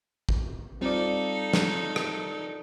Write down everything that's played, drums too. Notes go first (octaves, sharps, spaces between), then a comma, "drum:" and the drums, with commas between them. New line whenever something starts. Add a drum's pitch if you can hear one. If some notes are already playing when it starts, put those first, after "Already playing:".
drum: kick A1
G3 C4 D#4 F4 A4 D5
drum: snare
drum: rim click